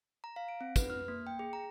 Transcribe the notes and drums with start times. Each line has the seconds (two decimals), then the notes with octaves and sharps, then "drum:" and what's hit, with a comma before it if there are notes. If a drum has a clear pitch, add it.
0.24 A#5
0.36 F5
0.48 D7
0.61 C4
0.76 B4, drum: kick, tambourine
0.90 F6
1.08 A#3
1.27 G5
1.39 G#4
1.53 A#5